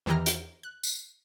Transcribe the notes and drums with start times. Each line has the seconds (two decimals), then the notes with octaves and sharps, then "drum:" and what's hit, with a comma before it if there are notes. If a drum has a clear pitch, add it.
0.06 E2 D#3 E3 G4 A#5 F6
0.26 drum: hi-hat
0.63 F#6
0.83 drum: tambourine